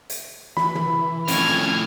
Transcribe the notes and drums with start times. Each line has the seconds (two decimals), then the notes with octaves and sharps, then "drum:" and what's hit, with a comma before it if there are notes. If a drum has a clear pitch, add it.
0.10 drum: hi-hat
0.57 E3 B5, drum: snare
0.75 drum: tom
1.28 F2 A2 C#4 F6 G#6, drum: hi-hat